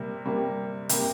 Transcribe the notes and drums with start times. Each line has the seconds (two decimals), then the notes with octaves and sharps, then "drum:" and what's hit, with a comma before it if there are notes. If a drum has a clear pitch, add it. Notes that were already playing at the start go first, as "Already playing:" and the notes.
Already playing: C3 G3 A#3
0.25 C3 G3 A#3
0.89 C3 G3 A#3, drum: hi-hat